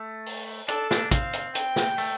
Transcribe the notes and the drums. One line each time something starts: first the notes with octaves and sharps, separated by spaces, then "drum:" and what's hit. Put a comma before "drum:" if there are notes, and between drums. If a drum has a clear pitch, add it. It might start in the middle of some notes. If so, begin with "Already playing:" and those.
Already playing: A3
drum: open hi-hat
D4 A4, drum: hi-hat
D4, drum: snare
C4 F5, drum: kick, hi-hat
drum: hi-hat
G5, drum: hi-hat
drum: snare
A3, drum: open hi-hat